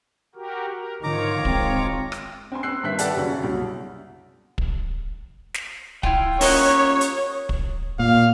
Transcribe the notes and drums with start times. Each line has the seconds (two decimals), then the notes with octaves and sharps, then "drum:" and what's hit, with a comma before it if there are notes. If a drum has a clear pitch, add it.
0.35 F#4 G4 A#4
0.73 A#4
1.03 G#2 D#3 F4 C#5 A#5 D6
1.45 G#1 D#3 C4, drum: kick
2.12 drum: rim click
2.52 C4 G#5 C6
2.63 C4 E6 F#6 C7
2.83 G2 D#3 E5 F#6 B6
2.99 G4 A4 B4 D5 F#5 A5, drum: hi-hat
3.17 F#2 C#3 F#3
3.43 C2
4.58 drum: kick
5.54 drum: snare
6.03 E4 F4 G5, drum: kick
6.41 C#4 F4 G4 A#4 C#5 D#5 F#5, drum: open hi-hat
7.01 drum: hi-hat
7.49 drum: kick
7.99 A#2 F5